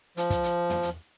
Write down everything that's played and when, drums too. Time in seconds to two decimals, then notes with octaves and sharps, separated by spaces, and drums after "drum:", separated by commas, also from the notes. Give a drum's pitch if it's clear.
0.17 F3, drum: hi-hat
0.30 drum: kick, hi-hat
0.43 drum: hi-hat
0.70 drum: tom
0.83 drum: hi-hat